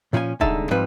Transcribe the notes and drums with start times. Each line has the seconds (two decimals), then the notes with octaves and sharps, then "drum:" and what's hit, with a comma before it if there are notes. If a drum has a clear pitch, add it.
0.13 A#2 F3 C#4 F#5 G#5
0.41 C2 D3 G#3 D#4 E5 A5, drum: kick D#1
0.71 G#2 F3 G3 C4 B4